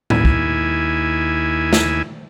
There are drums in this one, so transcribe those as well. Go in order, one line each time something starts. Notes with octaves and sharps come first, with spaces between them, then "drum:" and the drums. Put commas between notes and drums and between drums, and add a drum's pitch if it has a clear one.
D#2 E4 G#5, drum: tom A2
drum: kick
drum: snare